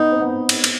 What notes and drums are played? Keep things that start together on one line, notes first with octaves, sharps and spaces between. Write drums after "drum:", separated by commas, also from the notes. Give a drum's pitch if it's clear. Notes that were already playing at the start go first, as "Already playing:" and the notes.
Already playing: B3 D#4
C4
B3
drum: cymbal
drum: cymbal